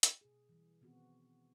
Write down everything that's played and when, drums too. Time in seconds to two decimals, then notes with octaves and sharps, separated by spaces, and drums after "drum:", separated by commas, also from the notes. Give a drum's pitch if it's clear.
0.03 drum: hi-hat
0.21 B2 G#4
0.49 E3 G3
0.81 B2 D#3 B3 C4 F#4